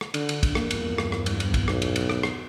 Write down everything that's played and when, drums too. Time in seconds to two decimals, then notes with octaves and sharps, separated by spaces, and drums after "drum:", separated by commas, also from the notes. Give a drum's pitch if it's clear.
0.01 drum: rim click
0.14 D3, drum: cymbal
0.29 drum: cymbal
0.43 drum: kick, cymbal
0.55 E2 G2 F3 A#3, drum: rim click
0.71 drum: cymbal
0.98 drum: rim click
1.12 drum: rim click
1.26 drum: cymbal
1.40 drum: cymbal
1.54 drum: kick, cymbal
1.68 B1, drum: rim click
1.82 drum: cymbal
1.96 drum: cymbal
2.10 drum: rim click
2.23 drum: rim click